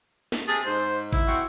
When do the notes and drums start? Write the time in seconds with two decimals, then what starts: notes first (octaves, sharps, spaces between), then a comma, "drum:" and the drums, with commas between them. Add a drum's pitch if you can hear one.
0.32 drum: snare
0.48 C3 G#4 A5
0.65 G#2 C5
1.12 E4, drum: kick G#1
1.27 C4 F#4